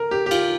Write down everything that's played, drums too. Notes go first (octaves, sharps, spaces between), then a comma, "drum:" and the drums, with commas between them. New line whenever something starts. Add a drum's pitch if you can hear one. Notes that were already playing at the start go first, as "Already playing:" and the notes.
Already playing: A#4
G4
G4
F4, drum: cymbal